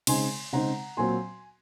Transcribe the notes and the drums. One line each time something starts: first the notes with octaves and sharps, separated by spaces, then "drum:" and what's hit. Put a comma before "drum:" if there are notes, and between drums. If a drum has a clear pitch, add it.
C#3 G#3 C4 D#4 G#5 C6, drum: cymbal
C#3 G#3 C4 D#4 F#5 A#5
A#2 F#3 C4 G#5 C6